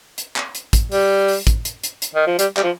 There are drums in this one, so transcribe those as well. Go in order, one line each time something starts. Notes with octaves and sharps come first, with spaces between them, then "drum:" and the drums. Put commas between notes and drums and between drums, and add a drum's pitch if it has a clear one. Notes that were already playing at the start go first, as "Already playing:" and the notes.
drum: hi-hat
drum: clap
drum: hi-hat
drum: kick, hi-hat
G3, drum: open hi-hat
drum: open hi-hat
drum: kick, hi-hat
drum: hi-hat
drum: hi-hat
drum: hi-hat
D#3
F3
G3, drum: hi-hat
G3, drum: clap
F3